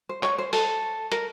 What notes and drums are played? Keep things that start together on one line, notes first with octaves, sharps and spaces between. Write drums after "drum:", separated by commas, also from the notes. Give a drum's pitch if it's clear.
C5
C#5, drum: clap
C5
A4, drum: open hi-hat
A#4, drum: hi-hat